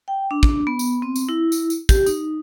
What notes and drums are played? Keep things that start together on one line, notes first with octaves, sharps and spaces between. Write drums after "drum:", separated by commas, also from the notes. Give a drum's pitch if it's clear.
G5
D4
drum: kick
B3
drum: tambourine
C4
drum: tambourine
E4
drum: tambourine
drum: tambourine
G4, drum: kick, tambourine
D#4, drum: tambourine